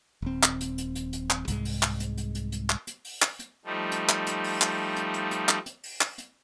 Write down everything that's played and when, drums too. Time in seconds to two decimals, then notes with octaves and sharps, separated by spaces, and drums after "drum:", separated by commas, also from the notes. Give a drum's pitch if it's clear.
0.22 D#1 C4
0.43 drum: clap
0.61 drum: hi-hat
0.78 drum: hi-hat
0.95 drum: hi-hat
1.13 drum: hi-hat
1.30 drum: clap
1.48 C2 G#2 G#3, drum: hi-hat
1.65 drum: open hi-hat
1.83 drum: clap
2.00 drum: hi-hat
2.17 drum: hi-hat
2.35 drum: hi-hat
2.52 drum: hi-hat
2.70 drum: clap
2.87 drum: hi-hat
3.05 drum: open hi-hat
3.22 drum: clap
3.39 drum: hi-hat
3.65 F3 G3 A3 D#4
3.92 drum: hi-hat
4.09 drum: clap
4.27 drum: hi-hat
4.44 drum: open hi-hat
4.61 drum: clap
4.96 drum: hi-hat
5.14 drum: hi-hat
5.31 drum: hi-hat
5.49 drum: clap
5.66 drum: hi-hat
5.83 drum: open hi-hat
6.01 drum: clap
6.18 drum: hi-hat